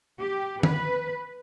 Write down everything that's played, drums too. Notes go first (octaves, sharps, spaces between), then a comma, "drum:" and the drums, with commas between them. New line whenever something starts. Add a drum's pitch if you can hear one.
G4
B4, drum: tom D#3